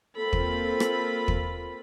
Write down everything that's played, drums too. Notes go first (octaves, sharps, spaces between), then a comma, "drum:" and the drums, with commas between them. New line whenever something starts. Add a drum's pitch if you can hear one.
A#3 C4 F4 A4 B5
drum: kick
drum: rim click
drum: kick